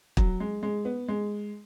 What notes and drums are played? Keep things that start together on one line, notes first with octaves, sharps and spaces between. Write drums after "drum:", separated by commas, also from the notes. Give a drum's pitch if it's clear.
F#3, drum: kick
G#3
G#3
B3
G#3